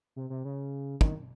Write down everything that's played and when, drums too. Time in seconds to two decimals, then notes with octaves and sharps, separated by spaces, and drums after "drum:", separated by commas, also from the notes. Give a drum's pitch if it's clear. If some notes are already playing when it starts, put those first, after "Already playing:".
0.16 C3
0.30 C3
0.45 C#3
1.01 D#3, drum: kick